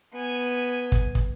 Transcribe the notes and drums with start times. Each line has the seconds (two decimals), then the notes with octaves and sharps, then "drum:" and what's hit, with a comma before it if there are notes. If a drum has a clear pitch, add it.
0.13 B3 G#5
0.92 drum: kick
1.15 drum: kick